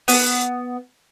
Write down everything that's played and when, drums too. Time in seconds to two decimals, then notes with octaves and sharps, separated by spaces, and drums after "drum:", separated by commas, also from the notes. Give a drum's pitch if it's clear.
0.08 B3, drum: open hi-hat